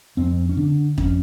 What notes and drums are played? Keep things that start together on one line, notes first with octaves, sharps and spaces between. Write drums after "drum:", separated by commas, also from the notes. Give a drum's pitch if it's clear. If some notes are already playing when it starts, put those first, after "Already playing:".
F2 C4
C#4
D3 D4
F2 C#4, drum: kick